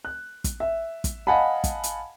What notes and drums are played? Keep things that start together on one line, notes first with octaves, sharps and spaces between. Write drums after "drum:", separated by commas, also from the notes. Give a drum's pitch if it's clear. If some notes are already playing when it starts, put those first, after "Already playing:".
F#6
drum: kick, hi-hat
E5
drum: kick, hi-hat
D#5 F5 F#5 G#5 A5 B5
drum: kick, hi-hat
drum: hi-hat